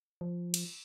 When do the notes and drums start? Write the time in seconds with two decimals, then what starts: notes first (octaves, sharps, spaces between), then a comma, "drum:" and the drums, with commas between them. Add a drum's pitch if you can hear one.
0.21 F3
0.54 drum: cymbal